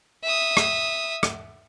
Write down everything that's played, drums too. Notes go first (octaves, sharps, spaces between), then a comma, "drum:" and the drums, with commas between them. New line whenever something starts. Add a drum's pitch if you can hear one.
E5 D#6
drum: rim click
drum: rim click